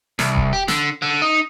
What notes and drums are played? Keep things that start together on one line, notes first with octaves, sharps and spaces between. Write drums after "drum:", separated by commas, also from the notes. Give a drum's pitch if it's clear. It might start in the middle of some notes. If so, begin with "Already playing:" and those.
C2, drum: snare
drum: kick D#1
G4
D3, drum: snare
D3
D#4